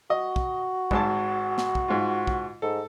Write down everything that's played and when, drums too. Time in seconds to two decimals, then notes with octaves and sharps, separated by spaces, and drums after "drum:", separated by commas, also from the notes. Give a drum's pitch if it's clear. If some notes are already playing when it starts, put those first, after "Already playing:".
0.10 F#4 D#5
0.36 drum: kick
0.91 G#1 G#2 A5, drum: kick
1.58 drum: snare
1.75 drum: kick
1.88 G#2 F4
2.27 drum: kick
2.62 G#2 A4